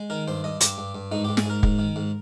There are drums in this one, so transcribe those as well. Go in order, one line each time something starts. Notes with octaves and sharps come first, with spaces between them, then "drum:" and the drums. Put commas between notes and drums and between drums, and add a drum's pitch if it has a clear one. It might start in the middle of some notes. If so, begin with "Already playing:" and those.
Already playing: G#3
D#3 A#4
G2 C5
G2 D#5
G2 G4, drum: hi-hat
G2
G2
G#2 D#4
G4
G#2
G#4, drum: snare
G#2 A#4
G#2, drum: kick
D#3
G#2